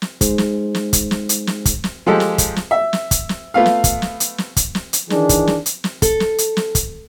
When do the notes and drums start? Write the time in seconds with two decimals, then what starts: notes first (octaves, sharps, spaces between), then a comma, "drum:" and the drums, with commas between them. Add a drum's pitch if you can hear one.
0.02 drum: snare
0.21 G#3 D#4 G#4 C5, drum: kick, hi-hat
0.38 drum: snare
0.75 drum: snare
0.93 drum: kick, hi-hat
1.11 drum: snare
1.29 drum: hi-hat
1.47 drum: snare
1.65 drum: kick, hi-hat
1.84 drum: snare
2.07 F3 G#3 G4 A4 A5
2.20 drum: snare
2.38 drum: kick, hi-hat
2.56 drum: snare
2.71 E5
2.93 drum: snare
3.11 drum: kick, hi-hat
3.29 drum: snare
3.54 A3 B3 F4 F5
3.66 drum: snare
3.84 drum: kick, hi-hat
4.02 drum: snare
4.20 drum: hi-hat
4.38 drum: snare
4.57 drum: kick, hi-hat
4.75 drum: snare
4.93 drum: hi-hat
5.10 D#3 E3 D4 G#4, drum: snare
5.29 drum: kick, hi-hat
5.47 drum: snare
5.66 drum: hi-hat
5.84 drum: snare
6.02 A4, drum: kick, hi-hat
6.20 drum: snare
6.38 drum: hi-hat
6.57 drum: snare
6.75 drum: kick, hi-hat